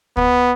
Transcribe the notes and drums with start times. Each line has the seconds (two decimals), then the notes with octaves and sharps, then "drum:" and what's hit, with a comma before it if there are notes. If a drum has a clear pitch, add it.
0.17 B3, drum: kick